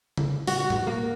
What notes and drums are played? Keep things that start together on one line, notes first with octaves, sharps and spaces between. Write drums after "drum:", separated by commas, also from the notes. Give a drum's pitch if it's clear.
drum: tom C#3
F#4, drum: open hi-hat
F#4
drum: tom G#2
A#3